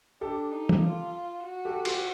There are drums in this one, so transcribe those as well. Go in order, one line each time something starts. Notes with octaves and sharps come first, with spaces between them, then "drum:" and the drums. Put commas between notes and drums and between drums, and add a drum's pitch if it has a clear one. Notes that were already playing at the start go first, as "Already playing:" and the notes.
D4 G4 A4
D#4
drum: tom E3
F4
F#4
G4 A4
F4 G4, drum: cymbal